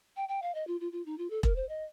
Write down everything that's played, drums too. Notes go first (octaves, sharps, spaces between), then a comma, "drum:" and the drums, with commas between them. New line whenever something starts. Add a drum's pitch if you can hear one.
G5
G5
F5
D#5
F4
F4
F4
D#4
F4
A4
A#4, drum: kick E1
C5
D#5